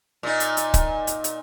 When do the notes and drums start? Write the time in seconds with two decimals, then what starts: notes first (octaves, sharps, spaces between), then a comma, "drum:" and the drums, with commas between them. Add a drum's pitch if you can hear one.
0.23 A#2 D#4
0.40 drum: hi-hat
0.57 drum: hi-hat
0.74 drum: kick C#1, hi-hat
1.07 drum: hi-hat
1.24 drum: hi-hat